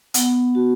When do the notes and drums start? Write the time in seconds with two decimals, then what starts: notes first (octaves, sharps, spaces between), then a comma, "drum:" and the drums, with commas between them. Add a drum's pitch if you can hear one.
0.14 B3 F#5, drum: hi-hat
0.55 F#4